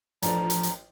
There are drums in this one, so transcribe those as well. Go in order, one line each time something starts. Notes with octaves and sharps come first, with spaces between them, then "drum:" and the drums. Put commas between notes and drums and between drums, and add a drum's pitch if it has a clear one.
A1 F3 D4 A4 A#5, drum: hi-hat
drum: hi-hat
drum: hi-hat